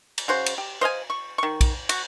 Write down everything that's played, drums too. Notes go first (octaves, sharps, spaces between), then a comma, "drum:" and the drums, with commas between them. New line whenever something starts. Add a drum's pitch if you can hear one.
drum: cymbal
C#3 F#4 C5
drum: cymbal
G4
C5 D#5 F5 G#5
C#6
D#3 C#6
drum: kick, cymbal
F#4, drum: cymbal